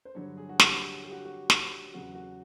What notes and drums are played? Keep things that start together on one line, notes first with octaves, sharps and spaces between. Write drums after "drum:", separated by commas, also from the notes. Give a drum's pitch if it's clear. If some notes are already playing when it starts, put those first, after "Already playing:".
C5
G2 D3 F#3 C#5
G#4
F#4
G4, drum: snare
G4
F#4
F#4
drum: snare
E2 C#3 F#3 F#4
F#4